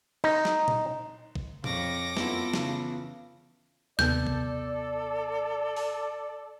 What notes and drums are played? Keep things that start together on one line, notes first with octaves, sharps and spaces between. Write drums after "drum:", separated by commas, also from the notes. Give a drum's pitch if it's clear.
D#4, drum: cymbal
drum: snare
drum: tom A#2
drum: kick
F2 C#5 D6 A#6, drum: tom A#2
F#2 B3 E4 F4 A4, drum: snare
C#3 E3, drum: snare
D#2 C3 B3 A4 D5 G6, drum: snare
drum: kick
drum: open hi-hat